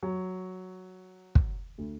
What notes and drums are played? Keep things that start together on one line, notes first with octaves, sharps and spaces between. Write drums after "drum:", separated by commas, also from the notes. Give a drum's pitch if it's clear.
F#3
drum: kick
D2